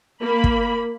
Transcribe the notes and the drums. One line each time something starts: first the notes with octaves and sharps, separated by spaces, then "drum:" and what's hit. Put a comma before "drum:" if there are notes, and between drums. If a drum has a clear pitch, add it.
A#3 B5
drum: kick